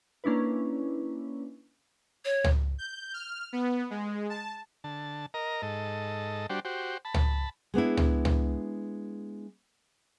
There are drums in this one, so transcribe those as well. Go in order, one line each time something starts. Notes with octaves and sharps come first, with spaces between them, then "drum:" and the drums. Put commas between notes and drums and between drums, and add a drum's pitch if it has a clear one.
A#3 C#4 D4 E4 B4
C#5
drum: tom C#2
G6
F6
B3
G#3
A5
D3 A5
A#4 D#5 A#5
G#2 A4 D#5
G3 D4 F#4 G4 C5
F#4 G4 C5
A5 B5
drum: tom C#2
G#3 B3 D4 E4
drum: tom C#2
drum: tom C#2